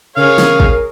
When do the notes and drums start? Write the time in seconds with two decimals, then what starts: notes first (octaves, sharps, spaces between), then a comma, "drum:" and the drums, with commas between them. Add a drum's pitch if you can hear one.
0.16 C#3 G#4 A#4 C#5 F5
0.38 drum: snare
0.60 drum: kick